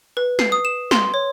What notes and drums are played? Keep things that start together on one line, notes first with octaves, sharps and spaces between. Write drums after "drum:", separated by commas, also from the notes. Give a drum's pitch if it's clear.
B4
C7, drum: snare
D#6
E7
C6, drum: snare
C#5